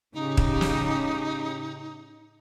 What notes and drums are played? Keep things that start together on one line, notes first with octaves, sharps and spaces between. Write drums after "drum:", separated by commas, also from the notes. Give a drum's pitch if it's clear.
A2 C#3 D#4 G4
drum: kick
drum: snare